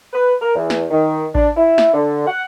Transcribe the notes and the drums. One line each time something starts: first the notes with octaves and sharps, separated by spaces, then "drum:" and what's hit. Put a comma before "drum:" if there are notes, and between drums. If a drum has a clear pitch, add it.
B4
A#4
E2
drum: snare
D#3
D4, drum: kick A1
E4
drum: snare
D3
F#5